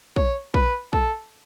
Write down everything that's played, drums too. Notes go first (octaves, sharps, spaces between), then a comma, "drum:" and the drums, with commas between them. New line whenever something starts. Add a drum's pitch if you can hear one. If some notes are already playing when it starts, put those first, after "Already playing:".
C#5, drum: kick
B4, drum: kick
A4, drum: kick